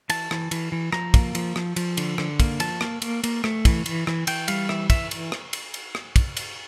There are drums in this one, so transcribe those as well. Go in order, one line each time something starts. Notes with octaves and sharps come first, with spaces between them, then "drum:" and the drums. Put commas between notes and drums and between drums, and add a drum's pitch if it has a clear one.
E3 A5, drum: cymbal
E3, drum: rim click
E3, drum: cymbal
E3
F3 A#5, drum: rim click
A#3, drum: kick, cymbal
F3, drum: cymbal
F3, drum: rim click
F3, drum: cymbal
D3, drum: cymbal
D3, drum: rim click
A#3, drum: kick, cymbal
F3 A5, drum: cymbal
A#3, drum: rim click
A#3, drum: cymbal
A#3, drum: cymbal
A3, drum: rim click
E3, drum: kick, cymbal
E3, drum: cymbal
E3, drum: rim click
E3 G5, drum: cymbal
G3 F5, drum: cymbal
E3 E5, drum: rim click
E3 E5, drum: kick, cymbal
drum: cymbal
drum: rim click
drum: cymbal
drum: cymbal
drum: rim click
drum: kick, cymbal
drum: cymbal